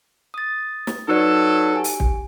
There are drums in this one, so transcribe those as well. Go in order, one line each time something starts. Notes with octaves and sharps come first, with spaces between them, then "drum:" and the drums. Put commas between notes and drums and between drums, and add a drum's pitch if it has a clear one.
D#6 A6
drum: snare
F#3 D#4 A4 B4 D5
G4 G#5
drum: open hi-hat
drum: kick